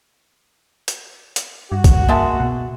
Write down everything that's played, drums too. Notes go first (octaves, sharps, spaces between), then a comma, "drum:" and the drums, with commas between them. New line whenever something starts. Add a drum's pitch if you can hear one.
drum: hi-hat
drum: hi-hat
G2 F#4
drum: kick B1, hi-hat
G#3 A#3 E5 A5
B2